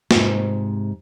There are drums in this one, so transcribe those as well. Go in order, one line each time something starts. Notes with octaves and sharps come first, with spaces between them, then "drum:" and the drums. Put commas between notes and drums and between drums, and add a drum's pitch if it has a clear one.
G#2 C3, drum: snare